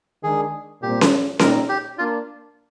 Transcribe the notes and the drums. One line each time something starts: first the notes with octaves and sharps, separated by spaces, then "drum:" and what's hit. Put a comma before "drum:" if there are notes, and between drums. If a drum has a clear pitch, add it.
D#3 G#3 D4 G#4
A#2 G3 C4 G4
drum: snare C#4
A#2 G3 C4 D#4 A#4, drum: snare C#4
G4
A#3 D4 F4